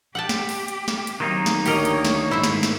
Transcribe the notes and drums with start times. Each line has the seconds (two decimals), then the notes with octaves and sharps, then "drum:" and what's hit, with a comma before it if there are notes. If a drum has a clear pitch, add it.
0.15 G4 F#5 G5 A5
0.29 drum: snare
0.49 drum: open hi-hat
0.68 drum: hi-hat
0.88 drum: snare
1.07 drum: hi-hat
1.20 D#3 F#3 A#3 C4 D#4
1.46 drum: snare
1.66 D2 G4 A#4 C#5 D#5, drum: open hi-hat
1.85 drum: hi-hat
2.05 drum: snare
2.31 G#2 E4 C5 E5
2.43 drum: snare
2.63 drum: snare